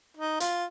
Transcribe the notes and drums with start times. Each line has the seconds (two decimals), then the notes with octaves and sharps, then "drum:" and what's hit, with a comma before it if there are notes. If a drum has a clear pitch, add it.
0.17 D#4
0.40 F4, drum: hi-hat